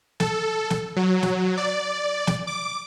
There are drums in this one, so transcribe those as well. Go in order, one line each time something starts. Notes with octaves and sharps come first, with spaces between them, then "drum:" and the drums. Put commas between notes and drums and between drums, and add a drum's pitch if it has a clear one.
A4, drum: snare
drum: snare
F#3
drum: snare
D5
drum: snare
D6